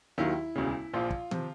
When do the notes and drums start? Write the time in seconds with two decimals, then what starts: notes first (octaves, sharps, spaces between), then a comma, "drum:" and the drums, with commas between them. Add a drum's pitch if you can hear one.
0.18 D#2 D#3 F#3 E4
0.55 E1 D2 C#3
0.93 A#1 A#2 F3 F4
1.10 drum: kick
1.31 C3 F3, drum: tom D#3